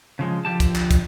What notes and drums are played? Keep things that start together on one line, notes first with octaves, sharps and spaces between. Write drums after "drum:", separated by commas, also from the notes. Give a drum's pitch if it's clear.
C#3 F3 G#3
D3 F3 G4 A5
drum: kick, hi-hat
drum: clap
drum: kick, hi-hat